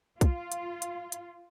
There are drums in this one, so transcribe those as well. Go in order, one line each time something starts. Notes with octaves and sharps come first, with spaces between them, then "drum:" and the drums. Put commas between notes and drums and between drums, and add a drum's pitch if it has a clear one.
F4, drum: kick, hi-hat
drum: hi-hat
drum: hi-hat
drum: hi-hat